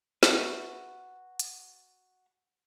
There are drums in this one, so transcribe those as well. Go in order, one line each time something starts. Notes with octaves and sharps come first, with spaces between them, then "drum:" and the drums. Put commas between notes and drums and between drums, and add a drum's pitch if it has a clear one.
F#4 B4 E5 A5 C#6, drum: snare
drum: hi-hat